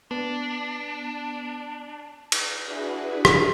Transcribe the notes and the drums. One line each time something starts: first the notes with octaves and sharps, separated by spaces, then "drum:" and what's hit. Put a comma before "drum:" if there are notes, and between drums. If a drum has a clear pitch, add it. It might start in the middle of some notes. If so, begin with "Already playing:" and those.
B3 D4
drum: cymbal
D4 E4 F#4 G#4 B4
drum: rim click